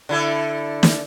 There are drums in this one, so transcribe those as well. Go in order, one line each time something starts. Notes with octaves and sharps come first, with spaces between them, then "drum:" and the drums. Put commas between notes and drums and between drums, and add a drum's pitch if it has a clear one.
D3 E4 A4
drum: snare